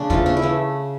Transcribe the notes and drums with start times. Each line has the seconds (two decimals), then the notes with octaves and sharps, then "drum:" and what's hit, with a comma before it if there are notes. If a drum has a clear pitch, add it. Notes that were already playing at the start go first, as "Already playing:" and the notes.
Already playing: C#3 D4
0.10 E3 A3 F4, drum: kick
0.26 C#3 D4
0.37 E4
0.42 E3 A3